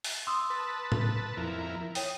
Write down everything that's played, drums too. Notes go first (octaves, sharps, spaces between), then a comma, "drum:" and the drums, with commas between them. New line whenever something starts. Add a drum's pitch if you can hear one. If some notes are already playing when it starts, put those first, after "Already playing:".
drum: open hi-hat
C6 D#6 E6
B4 A5
drum: tom A2
F2 E4 A#4
C#5 G5 D#6, drum: open hi-hat